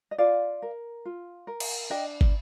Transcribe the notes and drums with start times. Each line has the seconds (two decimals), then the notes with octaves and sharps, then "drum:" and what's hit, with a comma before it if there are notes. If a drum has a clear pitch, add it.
0.11 D#5
0.18 F4 D5 F5
0.62 A#4
1.05 F4
1.47 A#4
1.60 drum: cymbal
1.90 D4 D#5 G5
2.21 drum: kick